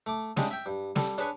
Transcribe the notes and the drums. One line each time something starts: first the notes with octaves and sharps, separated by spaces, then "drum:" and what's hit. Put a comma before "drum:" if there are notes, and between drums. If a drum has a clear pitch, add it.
A3 D6
C#3 G#3 D4 G4 G#4, drum: snare
E5 G5
G2
G3 A4, drum: snare
D4 G#4 B4 C#5, drum: hi-hat